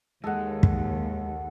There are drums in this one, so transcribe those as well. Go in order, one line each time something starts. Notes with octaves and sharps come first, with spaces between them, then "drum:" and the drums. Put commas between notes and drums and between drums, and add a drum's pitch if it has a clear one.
D#2 G#3 A4 F#5
drum: kick